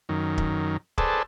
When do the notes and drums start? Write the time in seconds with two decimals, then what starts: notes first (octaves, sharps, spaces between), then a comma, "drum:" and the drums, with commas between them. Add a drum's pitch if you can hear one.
0.09 F#2 D#3
0.38 drum: kick
0.98 G#4 A4 B4 C5 D5 A5, drum: kick